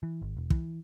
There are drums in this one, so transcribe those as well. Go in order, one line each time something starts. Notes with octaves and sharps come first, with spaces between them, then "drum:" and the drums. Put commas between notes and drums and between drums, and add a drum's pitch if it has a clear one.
E3
G#1
E1
E3, drum: kick